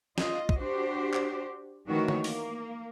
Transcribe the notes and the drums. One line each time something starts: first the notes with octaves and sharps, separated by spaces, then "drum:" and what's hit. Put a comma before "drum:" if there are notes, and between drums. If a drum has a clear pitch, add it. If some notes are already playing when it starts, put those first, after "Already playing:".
F4 D#5, drum: snare
drum: kick
D4 F#4 G4 C5
drum: clap
D#3 E3 A3 F#4 C#5
drum: tom
A#3, drum: open hi-hat